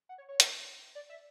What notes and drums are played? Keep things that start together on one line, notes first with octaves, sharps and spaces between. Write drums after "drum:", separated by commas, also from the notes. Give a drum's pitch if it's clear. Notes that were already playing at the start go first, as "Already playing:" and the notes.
F#5
C#5
C#5
drum: hi-hat
D5
E5